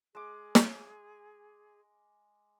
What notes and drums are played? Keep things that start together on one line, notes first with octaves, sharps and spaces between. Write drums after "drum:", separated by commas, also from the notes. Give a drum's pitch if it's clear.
G#3 G#4 D6
drum: snare